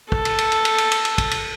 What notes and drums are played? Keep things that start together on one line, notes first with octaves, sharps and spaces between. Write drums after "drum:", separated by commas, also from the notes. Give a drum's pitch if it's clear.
A4, drum: kick
drum: cymbal
drum: cymbal
drum: cymbal
drum: cymbal
drum: cymbal
drum: cymbal
drum: cymbal
drum: kick, cymbal
drum: cymbal